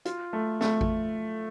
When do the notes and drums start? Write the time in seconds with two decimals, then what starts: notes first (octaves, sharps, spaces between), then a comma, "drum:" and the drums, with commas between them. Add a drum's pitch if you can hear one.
0.05 F4, drum: hi-hat
0.33 A3
0.61 A3, drum: snare
0.81 drum: kick G#1